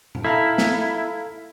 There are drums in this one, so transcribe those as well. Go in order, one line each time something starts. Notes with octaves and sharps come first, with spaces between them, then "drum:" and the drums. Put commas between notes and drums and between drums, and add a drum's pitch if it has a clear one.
drum: tom A#2
E4 A4 F5 A#5
drum: snare